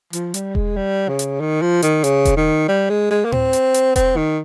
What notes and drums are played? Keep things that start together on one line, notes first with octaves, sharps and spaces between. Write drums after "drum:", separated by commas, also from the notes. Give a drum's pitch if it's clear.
F3, drum: hi-hat
G3, drum: hi-hat
G#3, drum: kick E1
G3
C#3
drum: hi-hat
D#3
F3
D#3, drum: hi-hat
C#3, drum: hi-hat
drum: kick E1, hi-hat
D#3
G3
G#3
G#3
A#3
C4, drum: tom A2
drum: hi-hat
drum: hi-hat
C4, drum: kick E1, hi-hat
D#3